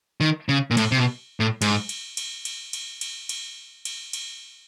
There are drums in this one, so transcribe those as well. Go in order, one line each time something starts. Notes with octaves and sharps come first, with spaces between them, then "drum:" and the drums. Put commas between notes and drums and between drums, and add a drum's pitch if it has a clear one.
D#3
C#3
A#2
A2, drum: cymbal
C3
B2
A2
G#2, drum: cymbal
drum: cymbal
drum: cymbal
drum: cymbal
drum: cymbal
drum: cymbal
drum: cymbal
drum: cymbal
drum: cymbal